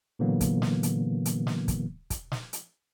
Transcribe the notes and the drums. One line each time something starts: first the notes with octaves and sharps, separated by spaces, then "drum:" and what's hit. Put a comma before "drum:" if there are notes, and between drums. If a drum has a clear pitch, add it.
A#2 D3 E3 F#3 A#3 B3
drum: kick, hi-hat
drum: snare
drum: hi-hat
drum: hi-hat
drum: snare
drum: kick, hi-hat
drum: kick, hi-hat
drum: snare
drum: hi-hat